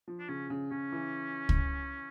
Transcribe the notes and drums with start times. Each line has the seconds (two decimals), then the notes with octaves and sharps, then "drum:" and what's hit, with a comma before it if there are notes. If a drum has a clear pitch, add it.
0.08 F3
0.19 D4
0.28 C#3 C#4
0.50 C#3
0.71 C#3 C#4
0.92 E3
1.49 drum: kick